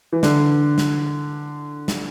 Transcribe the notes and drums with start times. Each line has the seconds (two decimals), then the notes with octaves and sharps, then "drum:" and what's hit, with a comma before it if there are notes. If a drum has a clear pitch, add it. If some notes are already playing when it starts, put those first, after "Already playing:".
0.12 E3
0.23 D3, drum: snare
0.78 drum: snare
1.88 drum: snare